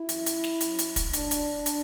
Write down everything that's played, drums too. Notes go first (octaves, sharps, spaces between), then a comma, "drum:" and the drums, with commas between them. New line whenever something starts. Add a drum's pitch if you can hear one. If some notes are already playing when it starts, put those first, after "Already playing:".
Already playing: E4
F#2 E3, drum: hi-hat
drum: hi-hat
drum: snare
F#2 F#3, drum: hi-hat
drum: hi-hat
drum: kick, hi-hat
A2 F#3 D4, drum: hi-hat
drum: hi-hat
drum: hi-hat